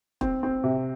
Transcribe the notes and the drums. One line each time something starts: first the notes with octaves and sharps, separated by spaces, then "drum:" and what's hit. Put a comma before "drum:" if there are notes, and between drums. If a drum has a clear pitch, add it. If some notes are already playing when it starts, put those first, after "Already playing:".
C4, drum: kick
C4
C3